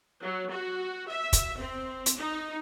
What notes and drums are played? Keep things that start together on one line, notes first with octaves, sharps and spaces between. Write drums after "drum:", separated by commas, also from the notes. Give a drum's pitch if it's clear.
F#3
F#4
E5
drum: kick, hi-hat
C4
drum: hi-hat
D#4